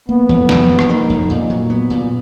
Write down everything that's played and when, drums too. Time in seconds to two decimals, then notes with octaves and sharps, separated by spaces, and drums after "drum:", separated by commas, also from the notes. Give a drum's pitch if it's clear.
0.09 A#3 B3
0.29 F2, drum: tom E3
0.49 F2, drum: snare
0.69 F3
0.79 drum: rim click
0.89 A#3 D#4
1.10 F2
1.30 A#2
1.50 F#3
1.70 B3
1.90 A#2